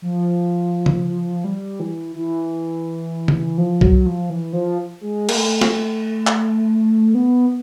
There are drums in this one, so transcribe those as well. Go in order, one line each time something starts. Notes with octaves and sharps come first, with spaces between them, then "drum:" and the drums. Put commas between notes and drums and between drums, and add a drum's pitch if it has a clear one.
F3
drum: tom C#3
G3
E3
E3
drum: tom C#3
F3
F#3, drum: kick B1
F3
E3
F3
G#3
A#3, drum: cymbal
A3
drum: snare
drum: clap
B3